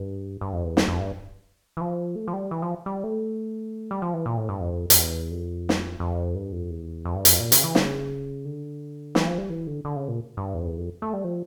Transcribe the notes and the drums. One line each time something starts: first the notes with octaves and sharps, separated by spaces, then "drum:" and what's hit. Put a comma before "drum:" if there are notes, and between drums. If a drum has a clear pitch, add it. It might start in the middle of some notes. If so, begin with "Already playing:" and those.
Already playing: G2
G2
F2
E2
F2, drum: snare
F2
G2
E3
F3
A3
F3
G3
E3
F3
G3
A3
G3
F3
E3
A#2
A2
G2
F2
F2, drum: hi-hat
E2
F2
drum: snare
F2
G2
F2
E2
F2
G2
F2, drum: hi-hat
A#2
C#3, drum: hi-hat
E3
C#3, drum: snare
D3
E3, drum: snare
F3
G3
E3
D3
D3
C#3
A#2
G2
E2
F2
E2
F2
A3
G3
F3